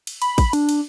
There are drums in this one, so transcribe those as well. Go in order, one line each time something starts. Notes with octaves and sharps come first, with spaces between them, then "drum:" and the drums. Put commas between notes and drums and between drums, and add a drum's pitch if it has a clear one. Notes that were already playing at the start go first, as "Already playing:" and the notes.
drum: cymbal
B5, drum: cymbal
drum: kick A1, cymbal
D4, drum: cymbal
drum: cymbal